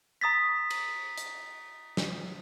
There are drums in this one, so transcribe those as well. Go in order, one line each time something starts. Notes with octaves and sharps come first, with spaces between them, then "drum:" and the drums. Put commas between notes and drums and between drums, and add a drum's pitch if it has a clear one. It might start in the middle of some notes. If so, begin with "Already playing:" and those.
A#5 D#6 A6 B6
drum: cymbal
drum: hi-hat
drum: snare